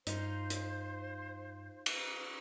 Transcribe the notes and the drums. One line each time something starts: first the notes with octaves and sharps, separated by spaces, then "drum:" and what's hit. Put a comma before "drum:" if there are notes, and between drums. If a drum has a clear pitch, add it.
G2 D#4 F4 C5, drum: hi-hat
drum: hi-hat
drum: cymbal